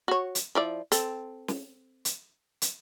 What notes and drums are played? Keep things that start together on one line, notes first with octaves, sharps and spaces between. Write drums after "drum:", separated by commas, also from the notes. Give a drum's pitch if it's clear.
F#4 C#5
drum: hi-hat
F3 E4 D5
C4 A4, drum: hi-hat
drum: snare
drum: hi-hat
drum: hi-hat